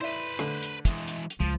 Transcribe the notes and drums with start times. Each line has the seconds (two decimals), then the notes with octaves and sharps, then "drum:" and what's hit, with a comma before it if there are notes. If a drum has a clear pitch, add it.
0.01 E4 B4 C5 D5 E5
0.39 D3 A3, drum: rim click
0.63 drum: hi-hat
0.85 E3 G#3, drum: kick, hi-hat
1.08 drum: hi-hat
1.30 drum: hi-hat
1.40 C#2 F3